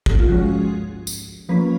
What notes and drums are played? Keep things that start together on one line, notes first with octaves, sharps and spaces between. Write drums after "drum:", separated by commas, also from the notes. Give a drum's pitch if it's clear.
drum: kick
F4
F3 G#3 C#4 F#4
drum: tambourine
F3 A#3 C#4 B4